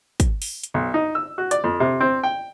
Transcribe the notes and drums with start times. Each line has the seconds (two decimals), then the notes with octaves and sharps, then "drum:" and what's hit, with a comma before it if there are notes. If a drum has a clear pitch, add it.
0.20 drum: kick, hi-hat
0.42 drum: open hi-hat
0.64 drum: hi-hat
0.74 B1
0.94 D#4
1.15 E6
1.38 F#4
1.51 D5, drum: hi-hat
1.64 F2
1.80 C3
2.01 C4
2.24 G5